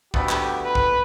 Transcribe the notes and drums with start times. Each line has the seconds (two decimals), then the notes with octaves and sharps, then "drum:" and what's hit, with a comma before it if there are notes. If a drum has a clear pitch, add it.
0.14 D2 A3 B3 G4, drum: kick
0.29 drum: clap
0.65 B4
0.75 drum: kick